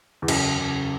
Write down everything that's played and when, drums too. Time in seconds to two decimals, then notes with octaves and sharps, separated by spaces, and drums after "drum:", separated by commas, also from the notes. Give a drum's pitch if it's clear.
0.22 E2
0.28 F#2 C#3, drum: cymbal
0.60 C#3